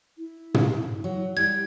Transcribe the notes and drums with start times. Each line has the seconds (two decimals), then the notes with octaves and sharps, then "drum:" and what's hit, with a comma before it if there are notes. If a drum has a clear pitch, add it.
0.18 E4
0.54 drum: tom
1.04 F#3
1.37 G3 E4 G#6